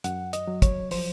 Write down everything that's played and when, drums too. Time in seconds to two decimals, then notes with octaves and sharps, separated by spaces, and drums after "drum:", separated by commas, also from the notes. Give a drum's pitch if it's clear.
0.04 F#2 F#5, drum: hi-hat
0.33 D#5, drum: hi-hat
0.47 F#3
0.62 C#5, drum: kick, hi-hat
0.91 F3 C5, drum: open hi-hat